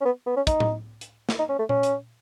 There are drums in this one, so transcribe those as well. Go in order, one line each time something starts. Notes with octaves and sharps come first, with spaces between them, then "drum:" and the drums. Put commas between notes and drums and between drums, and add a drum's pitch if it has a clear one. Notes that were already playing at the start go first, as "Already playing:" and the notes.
C#4
B3
B3
C#4
D#4, drum: kick, hi-hat
drum: tom A2
drum: hi-hat
drum: snare
D#4
C#4
A3
C#4, drum: tom A#2
drum: hi-hat